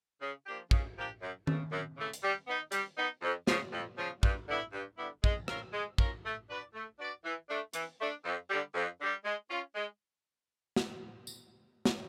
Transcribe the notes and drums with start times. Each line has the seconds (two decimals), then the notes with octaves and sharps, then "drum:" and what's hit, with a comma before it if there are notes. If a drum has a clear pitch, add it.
0.21 C#3
0.46 F3 A#3 D4 G4
0.71 C#3, drum: kick
0.97 F3 A#3 D4 G4
1.22 F#2
1.47 C#3 E3 A3, drum: tom D#3
1.72 F#2
1.97 C#3 E3 A3
2.13 drum: hi-hat
2.23 G3
2.47 B3 D#4
2.72 G3, drum: hi-hat
2.97 B3 D#4
3.22 F2
3.47 C#3 F3, drum: snare
3.72 F2
3.98 C#3 F3
4.23 G2, drum: kick
4.48 D3 G3 B3 E4
4.73 G2
4.98 D3 G3 B3 E4
5.24 G#3, drum: kick
5.48 C#4 F4 A#4, drum: rim click
5.73 G#3
5.98 C#4 F4 A#4, drum: kick
6.24 A3
6.48 D4 F#4 B4 D5
6.74 A3
6.99 D4 F#4 B4 D5
7.24 E3
7.49 A3 D4
7.73 E3, drum: hi-hat
7.99 A3 D4
8.25 F2
8.50 D3 G3
8.75 F2
8.99 D3 G3
9.25 G#3
9.50 C#4 F4
9.75 G#3
10.76 drum: snare
11.27 drum: tambourine
11.85 drum: snare